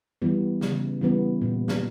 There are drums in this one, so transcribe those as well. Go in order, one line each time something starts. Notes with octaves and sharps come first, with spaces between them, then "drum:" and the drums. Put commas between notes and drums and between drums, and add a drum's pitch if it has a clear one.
E3 G3 B3
C#3, drum: snare
E3 G3 B3
A#2
drum: snare